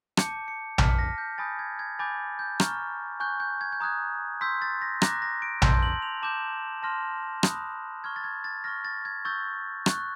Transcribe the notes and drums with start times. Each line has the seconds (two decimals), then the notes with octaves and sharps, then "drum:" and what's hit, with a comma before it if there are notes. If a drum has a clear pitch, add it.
0.17 A5 D6 G6 C#7, drum: rim click
0.48 C#7
0.78 A5 D6 F6 B6, drum: tom A#1
0.99 A#6
1.18 G6
1.38 G#5 B5 D#6 G6 A6
1.59 G#6
1.79 G#6
1.99 G#5 B5 D6 G6 A6
2.39 G6
2.60 A#5 C#6 F6, drum: rim click
3.20 G#5 C#6 F#6 G6
3.40 G6
3.61 G#6
3.73 G6
3.80 A#5 D#6 F#6 G#6
4.41 C6 E6 G6 B6
4.62 A6
4.82 A#6
5.02 A#5 D6 F#6 A#6, drum: rim click
5.22 A#6
5.42 D7
5.62 A5 C6 E6 G6, drum: tom A#1
5.83 F#7
6.02 F7
6.23 A5 D6 G6 E7
6.83 A5 C6 F6 A#6
7.43 B5 D#6 F#6, drum: rim click
8.04 C#6 F6 G#6
8.16 A6
8.24 G#6
8.44 A6
8.64 C#6 F6 A#6
8.85 A6
9.05 G#6
9.25 C#6 E6 G6 A6
9.86 C#6 F#6, drum: rim click